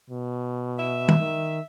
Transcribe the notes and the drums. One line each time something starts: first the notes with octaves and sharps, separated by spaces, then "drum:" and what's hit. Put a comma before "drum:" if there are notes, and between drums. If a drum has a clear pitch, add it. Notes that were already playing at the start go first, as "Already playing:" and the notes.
B2
E5
drum: tom
D#3